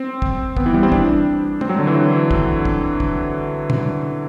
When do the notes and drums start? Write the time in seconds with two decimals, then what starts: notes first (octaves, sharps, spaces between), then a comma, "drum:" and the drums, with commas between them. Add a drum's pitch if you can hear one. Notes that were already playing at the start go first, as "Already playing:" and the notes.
Already playing: C4
0.22 drum: kick
0.57 B3, drum: kick
0.66 E3
0.74 G3
0.83 C4
0.92 D4, drum: kick
1.61 C4, drum: tom
1.69 F#3
1.79 D3
1.87 E3
1.95 F#3
2.31 drum: kick
2.65 drum: kick
3.00 drum: kick
3.70 drum: tom